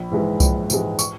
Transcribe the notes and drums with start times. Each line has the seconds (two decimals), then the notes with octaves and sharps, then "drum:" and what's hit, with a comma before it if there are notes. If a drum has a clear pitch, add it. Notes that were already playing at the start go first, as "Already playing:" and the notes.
Already playing: A#1 B5
0.11 G#2 E3 G#3
0.40 A#1, drum: kick C2, tambourine
0.70 G#2 E3 G#3, drum: tambourine
0.99 C#6, drum: tambourine